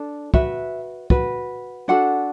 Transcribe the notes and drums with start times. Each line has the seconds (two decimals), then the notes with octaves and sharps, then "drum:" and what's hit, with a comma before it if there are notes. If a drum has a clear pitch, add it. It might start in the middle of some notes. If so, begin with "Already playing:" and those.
Already playing: D4 A4
0.34 F#4 B4 E5, drum: kick
1.10 F#4 B4, drum: kick
1.88 D4 F#4 A4 F#5